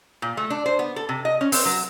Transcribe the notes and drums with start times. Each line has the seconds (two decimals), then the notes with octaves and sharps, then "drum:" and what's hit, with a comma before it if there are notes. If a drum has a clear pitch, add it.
0.22 A#2
0.37 A3
0.50 D4
0.66 C5
0.79 B3
0.96 A4
1.09 C3
1.25 D#5
1.41 C#4
1.52 C4, drum: open hi-hat
1.65 F#3